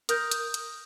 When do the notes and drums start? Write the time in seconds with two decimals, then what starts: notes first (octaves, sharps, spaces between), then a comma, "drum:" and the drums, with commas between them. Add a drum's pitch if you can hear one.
0.09 A#4 D#6 G6, drum: hi-hat
0.31 drum: hi-hat
0.54 drum: hi-hat